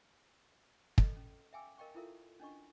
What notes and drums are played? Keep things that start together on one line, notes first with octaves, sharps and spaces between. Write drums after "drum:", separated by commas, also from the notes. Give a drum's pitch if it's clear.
A4 D#5, drum: kick
C#4
E5 F5 G5 G#5 D6 E6
A#4 D#5 F5 G5 C#6
E4 F4 A4 A#4 E5 F5
C#4 D4 D#5 C#6